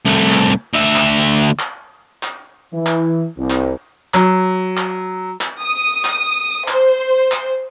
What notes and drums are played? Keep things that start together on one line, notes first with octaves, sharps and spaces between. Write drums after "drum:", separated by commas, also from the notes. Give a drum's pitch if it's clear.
C2 A3
drum: clap
D2 E5
drum: clap
drum: clap
drum: clap
E3
drum: clap
C2
drum: clap
F#3, drum: clap
drum: clap
drum: clap
D#6
drum: clap
C5, drum: clap
drum: clap